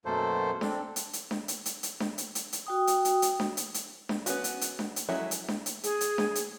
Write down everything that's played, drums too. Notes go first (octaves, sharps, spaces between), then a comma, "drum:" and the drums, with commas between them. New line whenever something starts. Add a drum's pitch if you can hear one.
F#2 B2 A3 A#3 A4 C5
C4 D4 A4, drum: snare D4
drum: hi-hat
drum: hi-hat
drum: snare D4
drum: hi-hat
drum: hi-hat
drum: hi-hat
drum: snare D4
drum: hi-hat
drum: hi-hat
drum: hi-hat
F#4 G5 D#6
drum: hi-hat
drum: hi-hat
drum: hi-hat
drum: snare D4
drum: hi-hat
drum: hi-hat
drum: snare D4
B3 C#4 F#4, drum: hi-hat
drum: hi-hat
drum: hi-hat
drum: snare D4
drum: hi-hat
F#3 G#3 A3 C#4 E4
drum: hi-hat
drum: snare D4
drum: hi-hat
G#4, drum: hi-hat
drum: hi-hat
drum: snare D4
drum: hi-hat